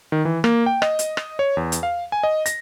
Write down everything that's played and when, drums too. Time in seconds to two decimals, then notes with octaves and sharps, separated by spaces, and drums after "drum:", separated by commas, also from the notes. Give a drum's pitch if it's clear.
0.12 D#3
0.25 E3
0.44 A#3, drum: rim click
0.66 G5
0.82 D#5, drum: rim click
0.99 drum: hi-hat
1.17 drum: rim click
1.39 C#5
1.57 E2
1.72 drum: hi-hat
1.83 F5
2.12 G#5
2.23 D#5
2.46 A#6, drum: hi-hat